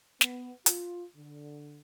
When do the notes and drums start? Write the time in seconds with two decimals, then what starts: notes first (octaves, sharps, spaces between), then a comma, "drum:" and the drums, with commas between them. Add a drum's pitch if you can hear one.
0.21 B3, drum: snare
0.66 F4, drum: hi-hat
1.16 D3